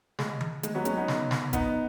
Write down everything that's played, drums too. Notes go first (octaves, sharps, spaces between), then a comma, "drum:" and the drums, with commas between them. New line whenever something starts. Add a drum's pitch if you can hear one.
G#3, drum: snare
drum: tom D#3
G#3, drum: hi-hat
F#3 B3
G#3 C#4, drum: hi-hat
B3 D#4
drum: snare
drum: snare
B3 D#4, drum: kick, hi-hat